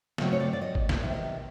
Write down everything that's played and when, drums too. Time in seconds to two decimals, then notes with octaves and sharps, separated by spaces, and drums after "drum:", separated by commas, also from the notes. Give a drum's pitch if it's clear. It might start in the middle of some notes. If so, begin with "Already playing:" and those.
0.18 C#3 F#3 A3 C4 D#5, drum: snare
0.33 C#5
0.40 D5
0.53 D5
0.62 D#5
0.75 drum: kick G#1
0.89 drum: snare
1.03 C3 D#3 G3 B3 E5
1.14 D#5
1.24 D#5